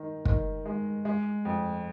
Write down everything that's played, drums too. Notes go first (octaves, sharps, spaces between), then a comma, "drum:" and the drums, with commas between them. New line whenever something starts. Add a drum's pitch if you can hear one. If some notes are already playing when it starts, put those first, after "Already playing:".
Already playing: D#3 D#4
D#3, drum: kick
G#3
G#3
F2